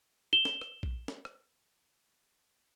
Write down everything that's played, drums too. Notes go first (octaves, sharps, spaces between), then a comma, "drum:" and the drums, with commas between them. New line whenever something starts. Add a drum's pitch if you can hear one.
E7 G7
drum: snare
drum: rim click
drum: kick
drum: snare
drum: rim click